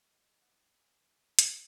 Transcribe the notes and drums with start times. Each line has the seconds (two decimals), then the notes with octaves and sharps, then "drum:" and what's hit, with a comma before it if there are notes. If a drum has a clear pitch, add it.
0.12 D#5
0.42 F#5
0.76 G#5
1.39 drum: hi-hat